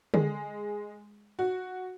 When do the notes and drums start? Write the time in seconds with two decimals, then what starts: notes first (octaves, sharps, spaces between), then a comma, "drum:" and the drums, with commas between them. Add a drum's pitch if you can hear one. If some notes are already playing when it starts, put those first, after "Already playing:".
0.14 G#3, drum: tom D3
1.39 F#4